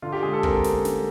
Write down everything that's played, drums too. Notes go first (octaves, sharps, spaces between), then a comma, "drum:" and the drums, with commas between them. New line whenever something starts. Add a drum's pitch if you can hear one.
D3 F4
G4
G#3 G#4
A4
C4 A#4, drum: kick
drum: snare
drum: snare